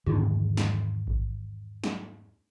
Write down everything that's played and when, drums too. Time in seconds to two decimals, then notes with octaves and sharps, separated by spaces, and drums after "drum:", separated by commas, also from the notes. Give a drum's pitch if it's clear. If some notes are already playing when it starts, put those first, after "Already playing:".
0.06 E2 G#2 D3 D#3, drum: tom
0.57 drum: snare
1.07 drum: kick A1
1.84 drum: snare